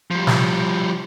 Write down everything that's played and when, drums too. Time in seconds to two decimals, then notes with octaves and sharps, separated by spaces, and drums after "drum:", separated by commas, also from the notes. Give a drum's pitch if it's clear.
0.11 F3 G3
0.27 drum: snare